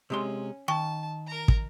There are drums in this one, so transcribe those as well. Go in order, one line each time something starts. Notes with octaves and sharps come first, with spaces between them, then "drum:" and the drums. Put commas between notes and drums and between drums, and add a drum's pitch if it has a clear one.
C3 G#3 C#4 C6
D#3 G5 A5 C#6
A#4 A#5
drum: kick